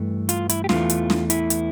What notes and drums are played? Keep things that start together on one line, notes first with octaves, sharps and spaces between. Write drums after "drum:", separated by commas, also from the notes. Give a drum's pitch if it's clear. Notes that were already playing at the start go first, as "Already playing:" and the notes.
Already playing: G2 E3 A3
F4, drum: hi-hat
E4, drum: hi-hat
G4
E2 E3 A3 F4, drum: snare
drum: hi-hat
drum: snare
E4, drum: hi-hat
drum: hi-hat